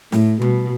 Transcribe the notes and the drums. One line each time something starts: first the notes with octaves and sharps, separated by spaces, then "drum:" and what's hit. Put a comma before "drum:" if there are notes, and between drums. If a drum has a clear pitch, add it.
A2, drum: snare
B2, drum: tom G3